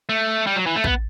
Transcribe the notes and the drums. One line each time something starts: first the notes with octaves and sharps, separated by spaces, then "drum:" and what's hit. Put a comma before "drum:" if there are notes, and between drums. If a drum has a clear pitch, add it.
A3
G3
F#3
E3
A3
B3, drum: kick